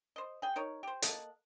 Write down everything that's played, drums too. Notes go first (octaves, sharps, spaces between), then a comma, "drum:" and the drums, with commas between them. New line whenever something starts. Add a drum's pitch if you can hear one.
C5 D#5
G#4 G5
D#4 A#4 C#5
G4 C5
A#3 A4 D#5 F#5, drum: hi-hat